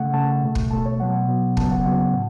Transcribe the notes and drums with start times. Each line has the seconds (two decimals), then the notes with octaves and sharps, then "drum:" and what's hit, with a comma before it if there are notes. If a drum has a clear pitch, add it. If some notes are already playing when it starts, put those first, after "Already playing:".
Already playing: C#3 A3 F#5
0.13 C#3 A3 A5
0.42 B2 A3
0.55 drum: kick
0.71 B2 A3 A5
0.86 C#5
1.00 B2 F#3 B3 F#5
1.28 B2 F#3 B3
1.57 C#3 F#3 B3 A5, drum: kick
1.71 F#5
1.85 C#3 F#3 B3
2.13 A2